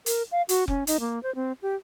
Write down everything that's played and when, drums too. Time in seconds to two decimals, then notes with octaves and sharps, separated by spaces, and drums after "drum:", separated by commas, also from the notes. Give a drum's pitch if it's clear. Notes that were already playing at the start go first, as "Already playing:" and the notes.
0.06 A#4, drum: hi-hat
0.32 F5
0.49 F#4, drum: hi-hat
0.68 C#4, drum: kick F1
0.87 D#4, drum: hi-hat
1.00 A#3
1.23 C5
1.35 C4
1.62 G4